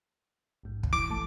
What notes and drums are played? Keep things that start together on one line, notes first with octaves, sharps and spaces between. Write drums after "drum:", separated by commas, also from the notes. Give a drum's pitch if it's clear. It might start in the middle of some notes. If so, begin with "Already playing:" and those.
A#1 G#2
drum: kick
E3 D6
A#1 A3 A5